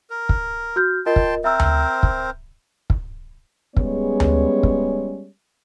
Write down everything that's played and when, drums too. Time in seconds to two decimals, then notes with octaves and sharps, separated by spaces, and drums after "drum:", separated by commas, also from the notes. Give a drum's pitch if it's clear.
0.10 A#4
0.29 drum: kick
0.76 F#4 F6 G6
1.06 F4 A#4 D#5 G5 A5 C6
1.16 drum: kick
1.44 C4 A#4 C5 E5 A#5 E6
1.60 drum: tom D2
2.03 drum: kick
2.90 drum: kick
3.77 G3 G#3 B3 C#4 G#4 C#5, drum: kick
4.20 drum: tom D2
4.63 drum: kick